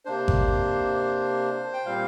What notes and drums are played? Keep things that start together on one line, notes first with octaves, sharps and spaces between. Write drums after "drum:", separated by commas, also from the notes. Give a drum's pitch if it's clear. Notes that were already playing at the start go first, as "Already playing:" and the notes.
C3 A#3 D4 C5
drum: kick G#1
G5
A#2 G3 C4 F5